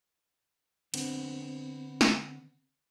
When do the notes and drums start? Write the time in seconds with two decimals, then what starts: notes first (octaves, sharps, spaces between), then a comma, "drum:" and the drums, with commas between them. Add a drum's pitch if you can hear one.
0.94 D3 B3 C4, drum: cymbal
2.01 drum: snare